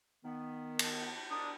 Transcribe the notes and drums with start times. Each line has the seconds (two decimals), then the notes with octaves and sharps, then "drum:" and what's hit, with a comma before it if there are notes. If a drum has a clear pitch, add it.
0.24 D#3 B3
0.79 drum: cymbal
1.31 D4 A#4 D#6